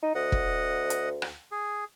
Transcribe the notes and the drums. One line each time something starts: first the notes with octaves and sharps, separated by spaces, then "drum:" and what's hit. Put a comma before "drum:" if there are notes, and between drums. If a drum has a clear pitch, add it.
D#4
D2 D#5 F#5
drum: kick
drum: hi-hat
drum: rim click
G#4